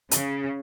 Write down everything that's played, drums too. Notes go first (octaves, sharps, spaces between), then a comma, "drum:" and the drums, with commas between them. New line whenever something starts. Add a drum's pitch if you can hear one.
C#3, drum: hi-hat